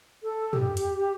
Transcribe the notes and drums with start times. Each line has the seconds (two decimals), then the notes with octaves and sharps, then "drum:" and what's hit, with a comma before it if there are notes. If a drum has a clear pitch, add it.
0.23 A4
0.53 G4, drum: tom
0.77 drum: hi-hat